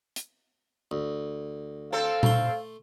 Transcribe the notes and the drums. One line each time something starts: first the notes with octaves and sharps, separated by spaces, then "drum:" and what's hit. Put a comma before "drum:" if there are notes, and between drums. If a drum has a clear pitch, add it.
drum: hi-hat
D2
C4 A4 F5
A3 C6, drum: tom A#2